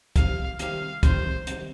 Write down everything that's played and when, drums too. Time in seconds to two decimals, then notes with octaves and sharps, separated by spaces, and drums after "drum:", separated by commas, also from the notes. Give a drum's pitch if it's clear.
0.16 C3 D#3 G3 C4 G4 F5, drum: kick, hi-hat
0.59 C3 D#3 G3 C4 G4 F5, drum: hi-hat
1.03 C3 D#3 G3 C4 G4 C5, drum: kick, hi-hat
1.47 C3 D#3 G3 C4 G4, drum: hi-hat